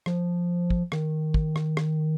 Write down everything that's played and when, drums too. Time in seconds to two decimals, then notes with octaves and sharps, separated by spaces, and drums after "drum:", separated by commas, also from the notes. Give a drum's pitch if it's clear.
0.06 F3, drum: rim click
0.70 drum: kick
0.92 D#3, drum: rim click
1.34 drum: kick
1.56 drum: rim click
1.77 drum: rim click